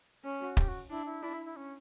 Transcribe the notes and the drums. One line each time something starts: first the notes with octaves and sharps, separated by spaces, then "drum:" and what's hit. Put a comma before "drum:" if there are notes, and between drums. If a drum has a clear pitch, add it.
C#4
F#4
G4, drum: kick
F#4
D4 E4
E4
D4 E4
E4
E4
C#4